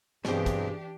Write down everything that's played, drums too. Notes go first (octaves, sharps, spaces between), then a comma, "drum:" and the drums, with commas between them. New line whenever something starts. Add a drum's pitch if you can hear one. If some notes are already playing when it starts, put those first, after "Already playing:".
G2 B2 E3 C4 D4 G4 G#4, drum: snare
drum: kick, hi-hat